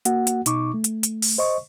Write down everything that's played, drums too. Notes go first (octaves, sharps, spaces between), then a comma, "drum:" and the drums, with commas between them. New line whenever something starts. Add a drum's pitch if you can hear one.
A#3 F#4 F#5, drum: hi-hat
drum: hi-hat
B2 D#4 C#6 D6, drum: hi-hat
A3
drum: hi-hat
drum: hi-hat
drum: open hi-hat
C5 D#5 C#6